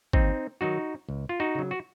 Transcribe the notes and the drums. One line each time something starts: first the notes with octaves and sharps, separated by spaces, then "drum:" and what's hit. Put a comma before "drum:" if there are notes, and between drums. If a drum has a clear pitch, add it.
D#2 C4 D#4, drum: kick G#1
D#3 F#3 D#4 F#4
C#2
F4
D#4 F#4
C#3 F#3
F#4